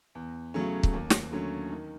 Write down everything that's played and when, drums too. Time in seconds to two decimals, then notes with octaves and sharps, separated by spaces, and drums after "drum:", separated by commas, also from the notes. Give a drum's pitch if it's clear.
0.15 E2
0.54 C#3 F#3 A3 C#4
0.83 drum: kick
0.93 D#2
1.10 drum: snare
1.32 D3 F#3 A3 C#4
1.71 D#3